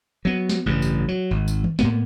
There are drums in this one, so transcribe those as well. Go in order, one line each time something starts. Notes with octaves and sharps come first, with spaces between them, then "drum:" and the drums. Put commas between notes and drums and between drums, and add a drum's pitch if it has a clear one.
F#3 B3
drum: snare
A1 G2 C#3
drum: tambourine
F#3
G#1
drum: tambourine
drum: tom D#3
A2 A#3 B3, drum: snare